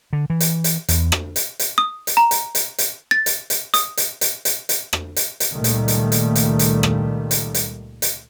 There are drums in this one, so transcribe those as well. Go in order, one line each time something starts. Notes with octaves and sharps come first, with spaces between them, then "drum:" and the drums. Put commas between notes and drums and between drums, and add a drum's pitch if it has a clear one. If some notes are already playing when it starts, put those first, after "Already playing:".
D3
E3
drum: hi-hat
drum: hi-hat
E2, drum: hi-hat
drum: rim click
drum: hi-hat
drum: hi-hat
D#6
drum: hi-hat
A#5
drum: hi-hat
drum: hi-hat
drum: hi-hat
A6
drum: hi-hat
drum: hi-hat
D#6, drum: hi-hat
drum: hi-hat
drum: hi-hat
drum: hi-hat
drum: hi-hat
drum: rim click
drum: hi-hat
drum: hi-hat
C#2 A#2 D#3 G3 A3
drum: hi-hat
drum: hi-hat
drum: hi-hat
drum: hi-hat
drum: hi-hat
drum: rim click
drum: hi-hat
drum: hi-hat
drum: hi-hat